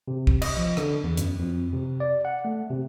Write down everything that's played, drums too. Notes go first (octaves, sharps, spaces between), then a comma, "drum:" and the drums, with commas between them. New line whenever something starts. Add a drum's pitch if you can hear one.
C3
drum: kick
D#5, drum: cymbal
F3
D3, drum: rim click
E2
F#2, drum: hi-hat
F2
C3
D5
F#5
A3
C3